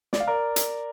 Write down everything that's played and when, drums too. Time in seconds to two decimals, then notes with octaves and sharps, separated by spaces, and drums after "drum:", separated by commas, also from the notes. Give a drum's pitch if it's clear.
0.13 D5, drum: snare
0.20 F5
0.27 A#4 D5
0.56 drum: hi-hat